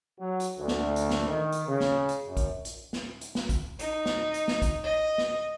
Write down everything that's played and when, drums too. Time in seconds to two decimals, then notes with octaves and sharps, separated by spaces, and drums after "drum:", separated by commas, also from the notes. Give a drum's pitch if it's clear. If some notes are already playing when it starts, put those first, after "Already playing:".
0.18 F#3
0.40 drum: hi-hat
0.57 D2
0.68 drum: snare
0.96 drum: hi-hat
1.10 drum: snare
1.27 D#3
1.52 drum: hi-hat
1.66 C#3
1.80 drum: snare
2.09 drum: hi-hat
2.26 F#2
2.37 drum: kick A#1, hi-hat
2.65 drum: hi-hat
2.93 drum: snare
3.21 drum: hi-hat
3.35 drum: snare
3.49 drum: kick A#1, hi-hat
3.79 D#4, drum: hi-hat
4.06 drum: snare
4.34 drum: hi-hat
4.48 drum: snare
4.62 drum: kick A#1, hi-hat
4.83 D#5
5.18 drum: snare